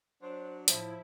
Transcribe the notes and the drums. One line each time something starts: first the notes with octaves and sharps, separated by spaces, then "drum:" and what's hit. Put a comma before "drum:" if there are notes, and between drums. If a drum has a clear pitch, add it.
F#3 D4 C5
A2 F3 E4 E5, drum: hi-hat